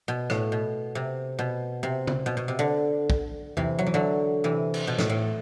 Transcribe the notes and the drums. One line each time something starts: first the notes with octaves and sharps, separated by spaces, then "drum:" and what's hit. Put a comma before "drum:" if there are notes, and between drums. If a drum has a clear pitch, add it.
B2
A2, drum: rim click
B2
C3
B2
C3
drum: tom
B2
B2
C3
D3
drum: kick
C3 E3, drum: tom E2
F#3
E3
D3 F#3
C3 E3
drum: cymbal
B2
A2, drum: snare
A2